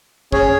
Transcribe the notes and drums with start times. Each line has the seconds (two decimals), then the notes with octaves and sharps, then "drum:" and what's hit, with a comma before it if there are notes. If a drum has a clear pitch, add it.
0.32 C#4 G#4 C#5, drum: kick